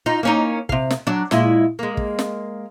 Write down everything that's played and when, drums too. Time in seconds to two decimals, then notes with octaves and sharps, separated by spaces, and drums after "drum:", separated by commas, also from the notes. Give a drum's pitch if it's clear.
0.06 D#4 F4
0.23 A#3 C#4 D#4
0.69 C3 F5, drum: kick
0.91 drum: snare
1.07 F#3 D4
1.31 A#2 G#3 E4, drum: snare
1.79 G#3 A#3
1.97 drum: kick
2.19 drum: snare